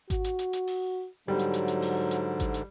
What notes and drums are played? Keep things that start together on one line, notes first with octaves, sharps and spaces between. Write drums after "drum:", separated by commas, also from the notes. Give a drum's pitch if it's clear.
F#4, drum: kick G#1, hi-hat
drum: hi-hat
drum: hi-hat
drum: hi-hat
drum: open hi-hat
G#2 D3 F#3 G3
drum: hi-hat
drum: hi-hat
drum: hi-hat
drum: open hi-hat
drum: hi-hat
drum: kick G#1, hi-hat
drum: hi-hat